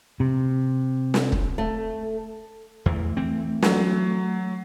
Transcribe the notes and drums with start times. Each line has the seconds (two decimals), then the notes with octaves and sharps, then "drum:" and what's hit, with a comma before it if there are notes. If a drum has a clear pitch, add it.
0.20 C3
1.14 drum: snare
1.32 drum: kick
1.58 A3
2.86 E2 E3 A3
3.17 E3 C4
3.62 F#3, drum: snare